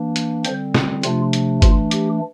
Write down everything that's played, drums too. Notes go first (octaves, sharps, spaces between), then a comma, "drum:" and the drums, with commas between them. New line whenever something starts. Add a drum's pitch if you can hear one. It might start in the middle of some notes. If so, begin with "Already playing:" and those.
Already playing: E3 A#3 D4
drum: hi-hat
D3 G3 C4 C5, drum: hi-hat
drum: snare
C3 F3 A3 D4 F4, drum: hi-hat
drum: hi-hat
E3 A3 D4 F4, drum: kick G1, hi-hat
G4, drum: hi-hat